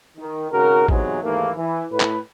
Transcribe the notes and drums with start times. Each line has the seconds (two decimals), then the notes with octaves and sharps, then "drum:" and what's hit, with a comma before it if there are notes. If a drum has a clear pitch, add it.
0.17 D#3
0.51 G#1 C#3 F#4 A#4
0.88 E2 G#2 C3 E3 F#3 G#3, drum: kick
1.22 D#2 G#2 E3 A3 A#3
1.56 E3
1.90 A2 B4
2.00 drum: clap